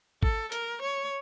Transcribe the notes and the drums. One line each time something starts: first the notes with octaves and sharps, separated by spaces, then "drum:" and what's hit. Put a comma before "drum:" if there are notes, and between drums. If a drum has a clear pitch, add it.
A4, drum: kick G#1
A#4, drum: hi-hat
C#5